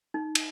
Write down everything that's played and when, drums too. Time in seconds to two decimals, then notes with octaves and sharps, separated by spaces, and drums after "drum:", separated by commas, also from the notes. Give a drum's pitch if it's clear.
0.14 D#4
0.35 drum: cymbal